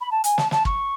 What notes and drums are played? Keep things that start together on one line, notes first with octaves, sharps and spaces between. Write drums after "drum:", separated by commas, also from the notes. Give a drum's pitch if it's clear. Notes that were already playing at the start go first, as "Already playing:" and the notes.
B5
A5
G#5, drum: hi-hat
A5, drum: snare
A5, drum: snare
C#6, drum: kick